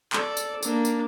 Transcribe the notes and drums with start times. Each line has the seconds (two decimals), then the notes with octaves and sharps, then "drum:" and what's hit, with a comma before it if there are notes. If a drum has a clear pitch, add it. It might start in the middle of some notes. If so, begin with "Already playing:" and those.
0.13 A4 D5, drum: clap
0.37 drum: tambourine
0.63 A#3 D4, drum: tambourine
0.85 drum: tambourine